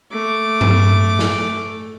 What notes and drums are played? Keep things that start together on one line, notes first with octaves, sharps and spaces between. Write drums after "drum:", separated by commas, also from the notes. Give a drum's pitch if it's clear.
A3 D6
drum: tom G2
drum: snare